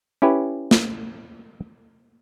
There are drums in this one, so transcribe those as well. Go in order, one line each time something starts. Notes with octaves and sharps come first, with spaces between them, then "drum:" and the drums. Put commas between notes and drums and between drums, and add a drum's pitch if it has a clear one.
C#4 E4 G4 B4
drum: snare